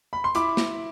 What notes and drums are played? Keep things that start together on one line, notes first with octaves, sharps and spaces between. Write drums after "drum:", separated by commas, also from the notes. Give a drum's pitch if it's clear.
B5
C6
E4 B5 D6, drum: hi-hat
drum: snare